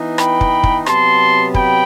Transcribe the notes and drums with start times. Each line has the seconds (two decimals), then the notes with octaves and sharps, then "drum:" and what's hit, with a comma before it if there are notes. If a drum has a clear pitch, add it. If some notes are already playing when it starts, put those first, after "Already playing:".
Already playing: E3 B3 D#4
0.18 G5 B5, drum: rim click
0.41 drum: kick
0.64 drum: kick
0.86 C3 F#3 B3 A5 C6, drum: rim click
1.54 G5 B5, drum: kick